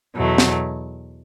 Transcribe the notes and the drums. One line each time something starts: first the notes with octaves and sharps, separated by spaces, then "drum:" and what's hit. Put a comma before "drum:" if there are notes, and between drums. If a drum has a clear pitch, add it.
E2 B2 F#3 A3
drum: snare